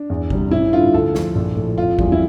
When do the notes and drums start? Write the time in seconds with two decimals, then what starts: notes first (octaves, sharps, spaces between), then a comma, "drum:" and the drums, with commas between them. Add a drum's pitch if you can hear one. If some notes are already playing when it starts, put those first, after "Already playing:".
Already playing: D4
0.10 E2
0.30 C3 G3, drum: kick G#1
0.51 A1 E4
0.72 G2 D3 F4
0.93 D2 A4
1.15 D3 F3, drum: snare
1.35 A#1
1.56 A2 F3
1.78 F1 F4
1.99 E2 E3 G3, drum: kick G#1
2.12 E4